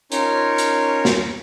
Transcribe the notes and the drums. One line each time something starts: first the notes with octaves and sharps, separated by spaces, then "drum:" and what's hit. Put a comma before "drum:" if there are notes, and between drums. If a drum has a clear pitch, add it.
C#4 D#4 F4 A#4 C#5, drum: hi-hat
drum: hi-hat
drum: snare